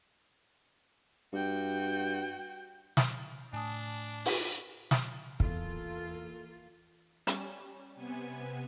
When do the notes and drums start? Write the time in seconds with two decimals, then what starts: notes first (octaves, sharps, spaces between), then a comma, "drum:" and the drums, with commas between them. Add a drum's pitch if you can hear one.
1.33 G2 F#4 G5
2.97 drum: snare
3.53 A2 D4 G#5 A5 D#6
4.25 drum: open hi-hat
4.91 drum: snare
5.40 E2 E3 A#3 F4 A4, drum: kick
7.27 G3 C#4, drum: hi-hat
7.96 C3 B3 G#5